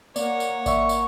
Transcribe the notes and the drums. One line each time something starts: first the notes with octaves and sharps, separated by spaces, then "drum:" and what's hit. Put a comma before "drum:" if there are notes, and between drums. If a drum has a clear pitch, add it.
A#3 C#5 D5 F#5, drum: tambourine
drum: tambourine
D5 E5 C#6, drum: kick G#1, tambourine
drum: tambourine